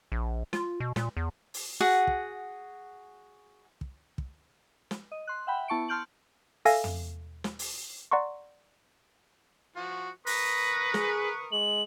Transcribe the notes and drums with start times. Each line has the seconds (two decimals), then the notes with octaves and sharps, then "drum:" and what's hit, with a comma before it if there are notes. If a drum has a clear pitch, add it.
0.12 A#1
0.53 F4, drum: snare
0.80 B2
0.96 A#2, drum: snare
1.17 E2
1.54 drum: open hi-hat
1.80 F#4 G#4 F#5
2.07 drum: kick
3.81 drum: kick
4.18 drum: kick
4.91 drum: snare
5.12 D#5
5.27 C6 F#6
5.47 E5 F#5 G5 B5
5.68 B3 E4 A5 C#6 C#7 D7
5.88 A5 C6 F6 G6 D7 F#7
6.65 A4 E5 F5 G#5 A#6, drum: open hi-hat
6.84 drum: tom
7.44 drum: snare
7.59 drum: open hi-hat
8.11 D5 F#5 A#5 C6 C#6
9.76 F3 F#4
10.27 A#4 B4 C#6 D#6 A#6, drum: open hi-hat
10.94 G#4, drum: snare
11.52 G#3 F#7